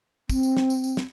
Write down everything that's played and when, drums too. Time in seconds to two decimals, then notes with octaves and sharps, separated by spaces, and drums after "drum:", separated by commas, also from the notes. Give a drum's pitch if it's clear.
0.30 C4, drum: kick, tambourine
0.43 drum: tambourine
0.57 drum: snare
0.70 drum: tambourine
0.84 drum: tambourine
0.97 drum: snare